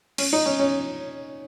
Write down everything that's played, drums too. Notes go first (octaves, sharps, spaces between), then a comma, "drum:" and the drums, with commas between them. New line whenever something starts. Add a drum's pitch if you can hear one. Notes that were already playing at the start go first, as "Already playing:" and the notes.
C#4, drum: cymbal
D#4
C#4
C#4